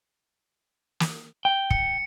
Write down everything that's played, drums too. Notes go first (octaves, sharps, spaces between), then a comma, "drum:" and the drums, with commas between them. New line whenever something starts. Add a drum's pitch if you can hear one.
drum: snare
G5
C#7, drum: kick